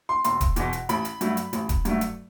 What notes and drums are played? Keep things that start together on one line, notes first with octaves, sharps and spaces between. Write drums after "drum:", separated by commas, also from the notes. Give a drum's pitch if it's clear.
C6
E1 C6, drum: hi-hat
drum: kick, hi-hat
E2 B2, drum: hi-hat
drum: hi-hat
A1 B5, drum: hi-hat
drum: hi-hat
G2 F#3 A3, drum: hi-hat
drum: hi-hat
A1, drum: hi-hat
drum: kick, hi-hat
G2 F#3 A3, drum: hi-hat
drum: hi-hat